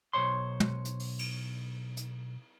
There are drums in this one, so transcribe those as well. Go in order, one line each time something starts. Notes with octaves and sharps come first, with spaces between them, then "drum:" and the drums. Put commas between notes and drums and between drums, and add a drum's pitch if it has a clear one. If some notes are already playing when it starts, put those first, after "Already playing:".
B1 A#2 C5 C#5 C6
drum: tom
drum: hi-hat
drum: open hi-hat
drum: cymbal
drum: hi-hat